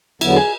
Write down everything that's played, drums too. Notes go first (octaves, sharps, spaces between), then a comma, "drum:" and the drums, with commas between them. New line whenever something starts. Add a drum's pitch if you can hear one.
E2 D3 F#3 B3 E4, drum: cymbal
G#4